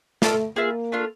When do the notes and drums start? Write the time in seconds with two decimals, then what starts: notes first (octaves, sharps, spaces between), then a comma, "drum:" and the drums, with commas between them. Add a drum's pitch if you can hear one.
0.22 A3 F4 A4 D5, drum: snare
0.56 A#3 F4 G#4 B4 E5
0.92 A3 D4 F4